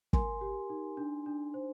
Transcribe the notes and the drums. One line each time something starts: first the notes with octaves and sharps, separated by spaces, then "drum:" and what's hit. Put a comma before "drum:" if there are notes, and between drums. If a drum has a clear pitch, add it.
A#4 G#5 C6, drum: kick
G4
D#4
D4
D4
C5